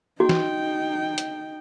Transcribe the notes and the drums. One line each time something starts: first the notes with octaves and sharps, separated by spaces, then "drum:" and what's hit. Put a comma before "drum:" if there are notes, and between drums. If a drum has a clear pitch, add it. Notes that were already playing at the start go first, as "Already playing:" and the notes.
D#4 F#4 G5
drum: snare
drum: hi-hat